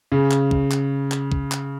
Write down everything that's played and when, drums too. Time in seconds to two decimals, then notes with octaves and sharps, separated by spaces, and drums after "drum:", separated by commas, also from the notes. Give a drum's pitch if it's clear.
0.12 C#3
0.31 drum: clap
0.51 drum: kick
0.71 drum: clap
1.12 drum: clap
1.32 drum: kick
1.52 drum: clap